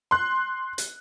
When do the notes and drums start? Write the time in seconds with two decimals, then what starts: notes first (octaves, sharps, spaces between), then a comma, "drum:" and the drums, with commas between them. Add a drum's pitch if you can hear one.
0.11 C6 F#6
0.78 drum: hi-hat